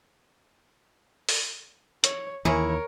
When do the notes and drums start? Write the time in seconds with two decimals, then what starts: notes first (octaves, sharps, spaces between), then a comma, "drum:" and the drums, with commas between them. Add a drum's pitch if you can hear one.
1.29 drum: open hi-hat
2.04 C#5, drum: hi-hat
2.45 D#2 E3 G#3 C#4 E4 A#4 C#5